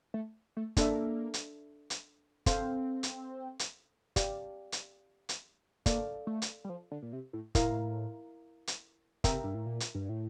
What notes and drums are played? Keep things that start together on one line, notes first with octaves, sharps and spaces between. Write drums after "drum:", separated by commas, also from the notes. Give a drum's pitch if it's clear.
A3
A3
A#3 D4 A4 E5, drum: kick, hi-hat
drum: hi-hat
drum: hi-hat
C4 A4 C5 F5 C6, drum: kick, hi-hat
drum: hi-hat
drum: hi-hat
G4 D5 F5, drum: kick, hi-hat
drum: hi-hat
drum: hi-hat
A#3 A4 D5 F5, drum: kick, hi-hat
A3
drum: hi-hat
G3
F3
D3
A#2
C3
A2
A2 E4 A#4 F5, drum: kick, hi-hat
drum: hi-hat
C3 A#4 E5 G5 A#5, drum: kick, hi-hat
G2
A2
A#2
drum: hi-hat
G2
A2